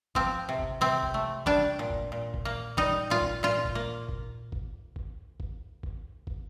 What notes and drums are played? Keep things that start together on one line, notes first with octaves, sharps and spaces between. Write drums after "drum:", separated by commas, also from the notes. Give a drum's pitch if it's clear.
F3 C4, drum: kick
C3
drum: kick
C3 C4
drum: kick
A3
G3 D4, drum: kick
A#2
drum: kick
A#2
drum: kick
A#3
G3 D#4, drum: kick
A#2 F4
drum: kick
A#2 F4
drum: kick
A#3
drum: kick
drum: kick
drum: kick
drum: kick
drum: kick
drum: kick